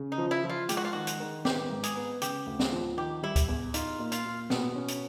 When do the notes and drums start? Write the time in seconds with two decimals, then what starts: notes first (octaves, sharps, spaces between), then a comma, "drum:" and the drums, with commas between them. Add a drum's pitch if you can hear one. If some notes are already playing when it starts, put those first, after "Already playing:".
Already playing: C#3
0.12 D#4
0.18 F3
0.31 E4
0.44 F3
0.50 F4
0.69 G#3 G4, drum: hi-hat
0.77 F#4
0.84 F4
0.93 D#3 F#4
1.07 drum: hi-hat
1.20 D#3
1.45 B3 G4, drum: snare
1.70 G#2
1.83 G#4, drum: hi-hat
1.96 B3
2.22 C#3 G4, drum: hi-hat
2.46 D2
2.59 drum: snare
2.72 F3
2.97 D#3 G4
3.23 G3 E4
3.36 drum: kick C#2, hi-hat
3.48 E2
3.74 D#4 F4, drum: hi-hat
3.99 A#2
4.12 F4, drum: hi-hat
4.25 A#2
4.50 B2 B3, drum: snare
4.75 C#4
4.88 drum: hi-hat